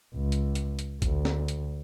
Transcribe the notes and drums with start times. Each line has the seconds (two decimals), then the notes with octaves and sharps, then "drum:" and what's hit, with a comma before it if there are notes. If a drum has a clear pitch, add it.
0.15 C#2
0.32 drum: hi-hat
0.55 drum: hi-hat
0.79 drum: hi-hat
1.02 D2, drum: kick, hi-hat
1.25 drum: snare
1.48 drum: hi-hat